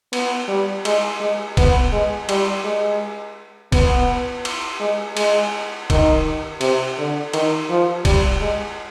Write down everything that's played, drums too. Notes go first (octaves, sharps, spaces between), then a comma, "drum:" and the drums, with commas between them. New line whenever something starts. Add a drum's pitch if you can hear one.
B3, drum: cymbal
G3
G#3, drum: cymbal
G#3
B3, drum: kick, cymbal
G#3
G3, drum: cymbal
G#3
B3, drum: kick, cymbal
drum: cymbal
G#3
G#3, drum: cymbal
D#3, drum: kick, cymbal
C3, drum: cymbal
D3
D#3, drum: cymbal
F3
G3, drum: kick, cymbal
G#3